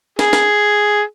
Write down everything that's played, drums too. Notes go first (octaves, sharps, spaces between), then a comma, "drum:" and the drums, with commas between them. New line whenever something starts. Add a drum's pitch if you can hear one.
G#4, drum: snare
drum: snare